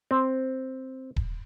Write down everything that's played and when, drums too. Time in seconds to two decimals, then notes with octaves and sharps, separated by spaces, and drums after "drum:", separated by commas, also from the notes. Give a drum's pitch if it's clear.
0.11 C4
1.16 drum: kick D#1